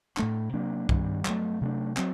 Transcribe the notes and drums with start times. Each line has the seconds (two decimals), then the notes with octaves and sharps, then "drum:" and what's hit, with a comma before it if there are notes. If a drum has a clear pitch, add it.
0.17 A2 A3 D4, drum: clap
0.53 C3 F#3 A#3 D4
0.89 G2 D#3 G3 D4, drum: kick C2
1.25 G2 F#3 A3, drum: clap
1.61 C3 F#3 A3 D4
1.97 F#3 C4, drum: clap